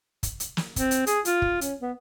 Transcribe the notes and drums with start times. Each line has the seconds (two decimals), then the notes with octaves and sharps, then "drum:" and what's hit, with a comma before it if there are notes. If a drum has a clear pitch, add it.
0.23 drum: kick, hi-hat
0.40 drum: hi-hat
0.57 drum: snare
0.76 C4, drum: kick, hi-hat
0.91 drum: hi-hat
1.07 G#4, drum: hi-hat
1.25 F4, drum: hi-hat
1.42 drum: kick
1.61 C#4, drum: hi-hat
1.81 B3